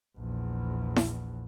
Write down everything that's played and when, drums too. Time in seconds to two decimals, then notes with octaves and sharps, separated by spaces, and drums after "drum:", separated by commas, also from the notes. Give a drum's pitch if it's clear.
0.18 A#1 E2
0.96 drum: snare E4